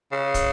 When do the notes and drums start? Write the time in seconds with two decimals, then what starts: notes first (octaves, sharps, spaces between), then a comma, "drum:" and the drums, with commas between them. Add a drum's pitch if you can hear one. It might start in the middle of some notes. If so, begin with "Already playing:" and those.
0.12 C#3
0.34 drum: kick, hi-hat